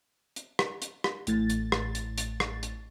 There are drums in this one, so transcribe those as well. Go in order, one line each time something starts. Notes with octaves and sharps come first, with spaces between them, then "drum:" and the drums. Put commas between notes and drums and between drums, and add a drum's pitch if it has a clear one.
drum: hi-hat
drum: rim click
drum: hi-hat
drum: rim click
A1 A2 A6, drum: hi-hat
drum: hi-hat
drum: rim click
drum: hi-hat
drum: hi-hat
drum: rim click
drum: hi-hat